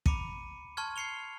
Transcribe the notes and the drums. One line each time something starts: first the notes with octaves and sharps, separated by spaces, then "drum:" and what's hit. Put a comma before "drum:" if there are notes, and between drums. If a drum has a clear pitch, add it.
A#5 B5 D6 C#7 D#7, drum: kick
A5 C6 C#6 F6 G#6
G#6 C7 C#7 F7 G7